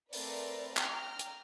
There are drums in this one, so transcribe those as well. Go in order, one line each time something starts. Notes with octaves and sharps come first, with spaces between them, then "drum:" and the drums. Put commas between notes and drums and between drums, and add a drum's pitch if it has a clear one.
A3 C4 A#4 B4 D5, drum: open hi-hat
G5 A#5 F6, drum: clap
drum: hi-hat